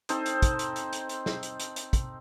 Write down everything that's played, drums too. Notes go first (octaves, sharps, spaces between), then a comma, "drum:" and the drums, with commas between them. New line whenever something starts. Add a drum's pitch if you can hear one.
C4 D#4 A4 C5, drum: hi-hat
drum: hi-hat
drum: kick, hi-hat
drum: hi-hat
drum: hi-hat
drum: hi-hat
drum: hi-hat
drum: snare
drum: hi-hat
drum: hi-hat
drum: hi-hat
drum: kick, hi-hat